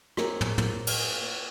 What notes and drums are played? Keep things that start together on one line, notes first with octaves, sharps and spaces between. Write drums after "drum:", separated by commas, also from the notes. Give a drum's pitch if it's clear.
A#3 C4 G#4 C#5, drum: rim click
drum: tom
drum: tom
drum: cymbal